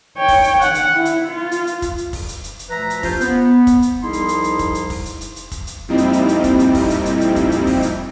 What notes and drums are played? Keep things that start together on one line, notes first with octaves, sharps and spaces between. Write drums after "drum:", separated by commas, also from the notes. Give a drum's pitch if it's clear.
C#5 G5
drum: kick, open hi-hat
drum: hi-hat
F#5, drum: hi-hat
drum: hi-hat
E4
drum: hi-hat
F4
drum: hi-hat
drum: hi-hat
drum: kick, hi-hat
drum: hi-hat
drum: kick, open hi-hat
drum: hi-hat
drum: hi-hat
drum: hi-hat
D2 A#2 F3 B4 E5 A#5
drum: hi-hat
C#4 D4 F4 G4 C5, drum: kick, open hi-hat
B3, drum: hi-hat
drum: kick, hi-hat
drum: hi-hat
C2 F3 D#4 E4 G#4 C6
drum: hi-hat
drum: hi-hat
drum: hi-hat
drum: kick, hi-hat
drum: hi-hat
drum: kick, open hi-hat
drum: hi-hat
drum: hi-hat
drum: hi-hat
drum: kick, hi-hat
drum: hi-hat
F2 A#2 G3 C4 D#4 E4
drum: hi-hat
drum: hi-hat
drum: hi-hat
drum: kick, hi-hat
drum: hi-hat
drum: kick, open hi-hat
drum: hi-hat
drum: hi-hat
drum: hi-hat
drum: kick, hi-hat
drum: hi-hat
drum: kick, open hi-hat
drum: hi-hat